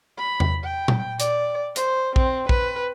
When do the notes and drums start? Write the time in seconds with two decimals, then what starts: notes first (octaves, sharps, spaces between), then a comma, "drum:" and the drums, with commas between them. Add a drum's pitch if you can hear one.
0.18 B5
0.40 drum: tom E2
0.64 G5
0.88 drum: tom A#2
1.20 D5, drum: hi-hat
1.76 C5, drum: hi-hat
2.16 C4, drum: kick A#1
2.49 B4, drum: kick A#1